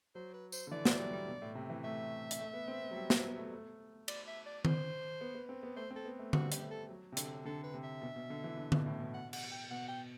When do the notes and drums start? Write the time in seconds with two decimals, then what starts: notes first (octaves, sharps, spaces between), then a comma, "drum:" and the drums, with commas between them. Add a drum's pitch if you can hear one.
0.15 F#3 C5
0.34 B4
0.52 C5, drum: tambourine
0.67 D3
0.71 E3 D5
0.85 F#3, drum: snare
0.99 G3
1.13 G3
1.28 B2
1.42 A2
1.55 C3
1.70 E3
1.84 A3 E5
2.31 drum: hi-hat
2.40 A3
2.53 B3
2.68 C4
2.82 B3
2.91 F#3
2.96 G3
3.10 F#3, drum: snare
3.24 B3
3.38 A3
3.52 A3
4.08 D5, drum: cymbal
4.27 E5
4.46 D5
4.65 C5, drum: tom D#3
5.21 B3
5.35 B3
5.49 C4
5.63 B3
5.76 A3 C5
5.91 C4
5.96 A4
6.05 B3
6.19 A3
6.33 G3 F#4, drum: tom D3
6.52 G4, drum: hi-hat
6.61 A3
6.71 A4
6.89 F#3
7.12 C3
7.17 D3, drum: hi-hat
7.45 D3 A4
7.64 B4
7.74 C3
7.83 E5
8.02 B2
8.16 B2
8.30 D3
8.44 E3
8.58 D3
8.72 B2, drum: tom D3
8.86 A2
9.00 B2
9.14 F#5
9.33 F#5, drum: cymbal
9.52 G5
9.70 B2 F#5
9.88 G5